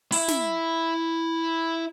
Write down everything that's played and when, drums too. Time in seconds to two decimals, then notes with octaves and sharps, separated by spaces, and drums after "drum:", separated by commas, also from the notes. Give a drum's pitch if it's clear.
0.12 E4 E5, drum: open hi-hat
0.28 drum: snare